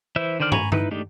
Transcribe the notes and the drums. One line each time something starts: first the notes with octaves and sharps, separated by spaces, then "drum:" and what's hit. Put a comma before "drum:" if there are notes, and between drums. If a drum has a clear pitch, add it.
E3 E4 C5 E5 E6
D3 D#3 C5 D5 F6
G#5 A#5 B5 C#6, drum: tom
D#4 E4 B4, drum: tom G2
G#3 A3 D4 D#4 G4